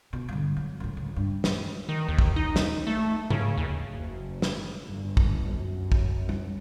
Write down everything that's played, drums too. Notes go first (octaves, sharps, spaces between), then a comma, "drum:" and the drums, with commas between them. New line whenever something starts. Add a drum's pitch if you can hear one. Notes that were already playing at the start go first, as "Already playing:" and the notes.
B2
G2 D3
F#3
F#2 A2
C#2
G2
drum: snare
D#3
D#2
drum: kick
D#4
drum: snare
A3
C#3, drum: tom G#2
D#2
F#1
drum: snare
G1
drum: kick
F#2
drum: kick
drum: tom G3